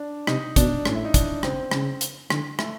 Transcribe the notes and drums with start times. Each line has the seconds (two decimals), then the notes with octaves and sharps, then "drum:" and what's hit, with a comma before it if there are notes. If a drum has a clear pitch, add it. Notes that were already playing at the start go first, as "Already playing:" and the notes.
Already playing: D4
0.27 C3 D#4, drum: rim click
0.56 B2 D4, drum: kick, hi-hat
0.85 A2 C#4, drum: rim click
0.95 E4
1.05 D#4
1.14 D4, drum: kick, hi-hat
1.43 C#3 C4, drum: rim click
1.71 C#3, drum: rim click
2.01 drum: hi-hat
2.30 D3, drum: rim click
2.59 A3, drum: rim click